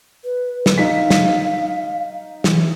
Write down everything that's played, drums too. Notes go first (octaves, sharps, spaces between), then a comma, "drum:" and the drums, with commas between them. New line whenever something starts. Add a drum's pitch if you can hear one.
B4
drum: snare
D#4 F5 B6
drum: snare
E3, drum: snare